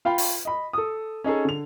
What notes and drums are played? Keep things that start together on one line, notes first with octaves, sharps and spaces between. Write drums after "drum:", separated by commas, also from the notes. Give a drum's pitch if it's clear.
F4 F5 G5 B5
drum: open hi-hat
D#5 B5
A4 D#6
C#4 D#4 G#4 A4
D3 F7